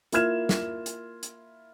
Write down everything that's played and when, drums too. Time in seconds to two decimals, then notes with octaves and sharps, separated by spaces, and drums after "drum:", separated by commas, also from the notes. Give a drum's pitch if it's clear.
0.12 A#3 E4 F4 F6 G#6 E7, drum: hi-hat
0.49 drum: snare
0.86 drum: hi-hat
1.23 drum: hi-hat